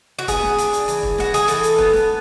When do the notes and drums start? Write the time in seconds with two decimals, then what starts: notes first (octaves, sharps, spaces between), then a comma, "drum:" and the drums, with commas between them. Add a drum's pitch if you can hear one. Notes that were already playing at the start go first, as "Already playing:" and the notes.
0.19 F#4
0.28 B3 G#4, drum: kick, hi-hat
0.43 drum: snare
0.58 D4, drum: hi-hat
0.73 drum: hi-hat
0.88 E3, drum: hi-hat
1.03 drum: kick
1.18 E3 F#4, drum: snare
1.34 G#4, drum: hi-hat
1.48 E3 A4, drum: hi-hat
1.63 drum: hi-hat
1.78 B3, drum: kick
1.93 drum: snare